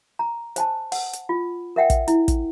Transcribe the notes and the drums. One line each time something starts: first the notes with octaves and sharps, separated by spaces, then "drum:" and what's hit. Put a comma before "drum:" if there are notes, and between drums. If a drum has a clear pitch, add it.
A#5
C5 G#5 A5, drum: hi-hat
F#5, drum: open hi-hat
drum: hi-hat
F4
A#4 E5 F#5 G5
drum: kick, hi-hat
E4, drum: hi-hat
drum: kick, hi-hat